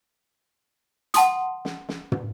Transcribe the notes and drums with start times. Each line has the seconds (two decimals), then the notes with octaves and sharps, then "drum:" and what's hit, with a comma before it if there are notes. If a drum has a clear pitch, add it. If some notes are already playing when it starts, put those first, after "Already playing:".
1.14 F#5 A5 C6 D#6, drum: hi-hat
1.65 drum: snare
1.89 drum: snare
2.12 drum: tom